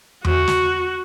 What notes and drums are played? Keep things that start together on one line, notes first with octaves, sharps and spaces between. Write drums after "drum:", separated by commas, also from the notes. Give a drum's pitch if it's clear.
F#4, drum: tom E2
drum: snare